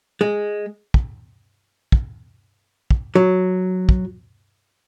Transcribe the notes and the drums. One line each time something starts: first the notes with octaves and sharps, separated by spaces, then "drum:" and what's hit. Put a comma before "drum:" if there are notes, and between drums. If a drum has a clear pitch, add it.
G#3
drum: kick
drum: kick
drum: kick
F#3
drum: kick